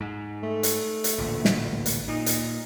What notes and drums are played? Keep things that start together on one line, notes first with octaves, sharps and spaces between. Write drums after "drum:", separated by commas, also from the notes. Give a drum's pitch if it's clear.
G#2
A3
drum: hi-hat
drum: hi-hat
A1 D2 A#2
drum: snare
drum: hi-hat
A#2 D#4
drum: hi-hat